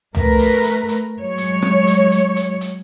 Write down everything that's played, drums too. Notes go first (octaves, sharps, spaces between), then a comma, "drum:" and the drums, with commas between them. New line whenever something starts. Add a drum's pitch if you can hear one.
A3 A#4 B4, drum: tom
drum: open hi-hat
drum: hi-hat
drum: hi-hat
F#3 G#3 C#5
drum: hi-hat
drum: rim click
drum: hi-hat
drum: hi-hat
drum: hi-hat
drum: hi-hat